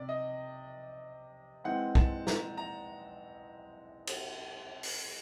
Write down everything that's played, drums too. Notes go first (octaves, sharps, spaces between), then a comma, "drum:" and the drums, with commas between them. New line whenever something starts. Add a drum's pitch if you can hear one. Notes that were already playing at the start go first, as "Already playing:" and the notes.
Already playing: C3 D5
D#5
E3 G#3 C4 F#5
A5, drum: kick
A#5, drum: snare
A#5
drum: cymbal
drum: open hi-hat